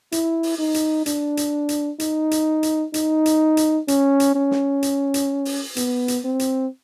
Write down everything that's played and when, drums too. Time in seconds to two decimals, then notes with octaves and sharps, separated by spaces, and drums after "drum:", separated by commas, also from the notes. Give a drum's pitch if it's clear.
0.12 E4, drum: hi-hat
0.43 drum: open hi-hat
0.59 D#4
0.74 drum: hi-hat
1.06 D4, drum: hi-hat
1.37 drum: hi-hat
1.69 drum: hi-hat
2.00 D#4, drum: hi-hat
2.31 drum: hi-hat
2.63 drum: hi-hat
2.94 D#4, drum: hi-hat
3.26 drum: hi-hat
3.57 drum: hi-hat
3.88 C#4, drum: hi-hat
4.20 drum: hi-hat
4.35 C#4
4.51 drum: snare
4.83 drum: hi-hat
5.14 drum: hi-hat
5.45 drum: open hi-hat
5.76 B3, drum: hi-hat
6.08 drum: hi-hat
6.24 C4
6.39 drum: hi-hat